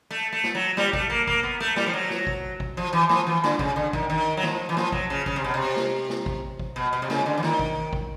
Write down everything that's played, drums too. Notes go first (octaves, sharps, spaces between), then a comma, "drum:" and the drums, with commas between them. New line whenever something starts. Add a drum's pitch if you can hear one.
A3
A3
drum: snare
F#3
G3, drum: snare
A3, drum: kick G#1
A#3
A#3, drum: kick G#1
B3
A3
G3, drum: snare
F3
F#3
drum: snare
drum: kick G#1
drum: kick G#1
F3
E3
F3, drum: snare
E3
D3, drum: snare
C#3, drum: kick G#1
D3
D#3, drum: kick G#1
D#3
F#3
F3, drum: snare
E3
F3, drum: snare
F#3, drum: kick G#1
C#3
C#3, drum: kick G#1
C3
B2
C3
drum: snare
drum: snare
drum: kick G#1
drum: kick G#1
B2
B2
C3
C#3, drum: snare
D3
E3
D#3, drum: snare
drum: kick G#1
drum: kick G#1